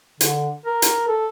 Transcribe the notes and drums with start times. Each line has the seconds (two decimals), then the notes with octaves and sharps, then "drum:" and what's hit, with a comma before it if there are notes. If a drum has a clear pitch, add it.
0.21 D3, drum: hi-hat
0.66 A#4
0.82 drum: hi-hat
1.08 A4